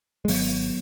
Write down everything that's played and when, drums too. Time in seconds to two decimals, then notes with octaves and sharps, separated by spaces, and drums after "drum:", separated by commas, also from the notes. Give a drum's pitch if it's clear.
0.25 G#3
0.28 G#1 F#3 B3, drum: open hi-hat